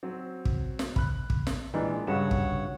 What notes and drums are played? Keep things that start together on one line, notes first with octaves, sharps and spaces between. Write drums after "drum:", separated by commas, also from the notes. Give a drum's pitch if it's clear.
F#3 C4
drum: kick
drum: snare
B5 F#6, drum: kick
drum: kick
drum: snare
A#2 D#3 E3 G#3 D4
G2 C#3 F#4 C#5 F#5 E7
drum: kick